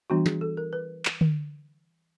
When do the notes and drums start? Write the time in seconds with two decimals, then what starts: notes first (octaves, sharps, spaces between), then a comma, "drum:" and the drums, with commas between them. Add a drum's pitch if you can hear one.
0.10 E3 G3 B3 D4 F#4
0.26 G#4, drum: snare
0.41 A4
0.57 A#4
0.73 B4
1.05 drum: clap
1.21 drum: tom D3